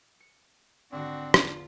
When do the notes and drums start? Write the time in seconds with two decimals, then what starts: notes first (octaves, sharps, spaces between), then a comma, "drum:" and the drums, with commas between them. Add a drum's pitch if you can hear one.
0.20 C#7
0.92 G#1 D3 C4 D4 F#4 A#6
1.34 E2 F4, drum: rim click